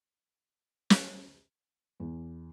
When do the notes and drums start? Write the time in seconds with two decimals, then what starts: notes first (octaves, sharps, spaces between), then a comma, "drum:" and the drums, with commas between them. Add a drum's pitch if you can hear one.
0.90 drum: snare
2.00 E2